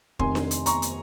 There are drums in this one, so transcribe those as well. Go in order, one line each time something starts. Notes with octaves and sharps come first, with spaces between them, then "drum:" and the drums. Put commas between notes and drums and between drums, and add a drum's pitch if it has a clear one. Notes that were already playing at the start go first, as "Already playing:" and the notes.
F1 F2 D#3 G#5 C6, drum: kick
drum: snare D4
drum: hi-hat
A#5 C#6, drum: hi-hat
drum: hi-hat